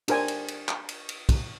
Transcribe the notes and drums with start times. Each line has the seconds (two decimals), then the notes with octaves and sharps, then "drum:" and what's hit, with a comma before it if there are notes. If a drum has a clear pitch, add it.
0.08 D4 G4 A#4 C5 G#5, drum: cymbal
0.28 drum: cymbal
0.48 drum: cymbal
0.68 drum: clap
0.89 drum: cymbal
1.09 drum: cymbal
1.29 drum: kick, cymbal